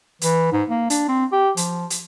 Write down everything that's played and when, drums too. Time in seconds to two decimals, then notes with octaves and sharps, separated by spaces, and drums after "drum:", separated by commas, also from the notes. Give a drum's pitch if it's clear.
0.21 E3, drum: hi-hat
0.52 G#2
0.69 A#3
0.90 D4, drum: hi-hat
1.08 C4
1.32 G4
1.57 F3, drum: hi-hat
1.90 drum: hi-hat